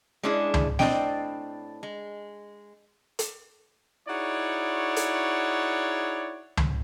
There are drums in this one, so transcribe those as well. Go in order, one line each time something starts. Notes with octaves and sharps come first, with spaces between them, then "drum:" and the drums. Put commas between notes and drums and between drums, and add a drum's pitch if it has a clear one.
G#3 C#4 D4 E4 G#4
drum: tom C#2
A2 A#3 C4 D4 D#5 G5, drum: snare
G#3
drum: hi-hat
D#4 E4 F#4 G#4 C#5 D5
drum: hi-hat
drum: tom C#2